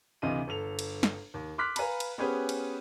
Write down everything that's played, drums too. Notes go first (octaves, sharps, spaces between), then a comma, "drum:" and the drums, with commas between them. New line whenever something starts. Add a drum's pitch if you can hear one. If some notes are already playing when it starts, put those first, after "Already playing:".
D2 C3 E3 D#5 F5 D#7
G1 A4 F7
drum: cymbal
drum: snare
D#2
C6 D6 F6 F#6 B6
B4 F5 G#5 A#5 B5, drum: cymbal
drum: cymbal
B3 C#4 G4 G#4 B4 C5
drum: cymbal